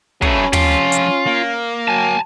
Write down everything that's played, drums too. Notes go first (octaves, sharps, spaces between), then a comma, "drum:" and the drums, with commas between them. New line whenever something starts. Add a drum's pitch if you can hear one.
F#3 A3 C#4 G#4 B4, drum: kick
F3 F4 G4, drum: tom
drum: hi-hat
A#3
F#3 G#5 A5